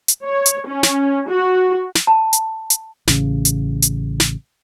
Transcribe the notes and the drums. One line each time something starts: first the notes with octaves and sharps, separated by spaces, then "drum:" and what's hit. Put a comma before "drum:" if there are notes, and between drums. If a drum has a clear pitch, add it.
drum: hi-hat
C#5
drum: hi-hat
C#4
drum: snare
F#4
drum: snare
A5
drum: hi-hat
drum: hi-hat
A1 C#3, drum: snare
drum: hi-hat
drum: hi-hat
drum: snare